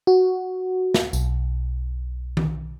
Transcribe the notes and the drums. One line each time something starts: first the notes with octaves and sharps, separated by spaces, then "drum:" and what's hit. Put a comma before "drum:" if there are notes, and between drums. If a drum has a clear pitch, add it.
F#4
drum: snare
B1, drum: tambourine
drum: tom D#3